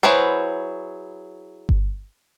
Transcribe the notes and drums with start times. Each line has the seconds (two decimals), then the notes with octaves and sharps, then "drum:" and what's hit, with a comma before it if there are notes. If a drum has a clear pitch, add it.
0.03 F#3 E4 G#4 B4 C5
1.69 drum: kick G1